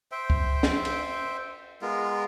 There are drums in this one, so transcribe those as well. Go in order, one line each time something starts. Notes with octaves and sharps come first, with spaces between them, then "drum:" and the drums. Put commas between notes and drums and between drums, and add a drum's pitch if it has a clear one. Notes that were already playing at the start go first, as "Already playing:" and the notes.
C5 E5 G5
drum: kick
drum: snare
drum: cymbal
G#3 B3 F4 A#4